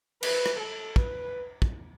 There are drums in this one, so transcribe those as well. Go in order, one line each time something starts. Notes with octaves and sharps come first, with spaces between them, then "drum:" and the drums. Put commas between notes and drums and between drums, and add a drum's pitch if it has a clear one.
B4, drum: cymbal
drum: rim click
A4
B4, drum: kick
drum: kick